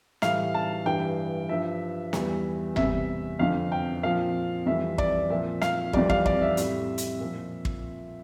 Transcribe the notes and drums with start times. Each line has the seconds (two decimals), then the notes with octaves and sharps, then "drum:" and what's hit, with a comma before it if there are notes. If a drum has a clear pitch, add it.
0.22 A2 E3 G3 F5, drum: snare
0.54 A5
0.86 G2 E3 G3 G5
1.49 G2 F3 E5
2.13 E2 E3 G3, drum: snare
2.76 E2 C3 G3 E5, drum: tom G1
3.39 F2 D3 F3 F5
3.72 G5
4.03 A#2 F3 F5
4.66 F2 E3 G3 E5
4.98 D5, drum: kick
5.30 A#2 F3 E5
5.62 F5, drum: snare
5.93 F2 E3 G3 D5, drum: kick
6.10 F5, drum: kick
6.26 D5, drum: kick
6.42 E5
6.57 A2 G3, drum: hi-hat
6.98 drum: hi-hat
7.20 A#2 F3
7.65 drum: kick